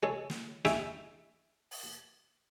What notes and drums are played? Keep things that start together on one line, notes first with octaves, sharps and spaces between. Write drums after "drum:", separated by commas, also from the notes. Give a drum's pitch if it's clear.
G#3 A4 C#5
drum: snare
D#4 E4 G#4 E5 G5 C#6, drum: snare
drum: open hi-hat